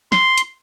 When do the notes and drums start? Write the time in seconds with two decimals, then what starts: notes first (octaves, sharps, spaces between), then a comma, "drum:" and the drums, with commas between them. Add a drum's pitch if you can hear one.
0.12 C6, drum: snare
0.38 drum: hi-hat